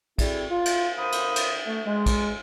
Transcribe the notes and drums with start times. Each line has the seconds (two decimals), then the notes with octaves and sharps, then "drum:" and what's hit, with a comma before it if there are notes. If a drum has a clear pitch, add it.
0.18 G3 A3 C4 E4 F#4 G#4, drum: kick, cymbal
0.50 F4
0.65 drum: cymbal
0.97 D#3 A#3 C5 B5 D#6
1.12 drum: cymbal
1.36 drum: cymbal
1.66 A3
1.86 G#3
2.06 drum: kick, cymbal